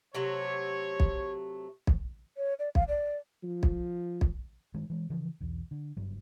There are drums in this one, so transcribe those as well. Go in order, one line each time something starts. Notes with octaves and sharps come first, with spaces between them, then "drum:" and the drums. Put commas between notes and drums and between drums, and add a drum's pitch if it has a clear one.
C3 F#3 A3 C#5
drum: kick B1
drum: kick B1
C#5
D5
F5, drum: kick B1
D5
F3
drum: kick B1
drum: kick B1
G2 D#3 G#3
E3 G#3
C#3 E3 F3
B1 E2
D3
F#1 G2 F#3